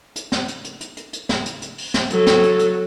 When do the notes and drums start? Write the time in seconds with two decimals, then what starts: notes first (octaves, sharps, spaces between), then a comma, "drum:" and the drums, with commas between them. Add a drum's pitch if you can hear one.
0.16 drum: hi-hat
0.32 drum: snare
0.48 drum: hi-hat
0.64 drum: hi-hat
0.81 drum: hi-hat
0.97 drum: hi-hat
1.13 drum: hi-hat
1.29 drum: snare
1.45 drum: hi-hat
1.62 drum: hi-hat
1.78 drum: open hi-hat
1.94 drum: snare
2.10 F#3 A4, drum: hi-hat
2.27 drum: snare
2.43 drum: hi-hat
2.59 drum: hi-hat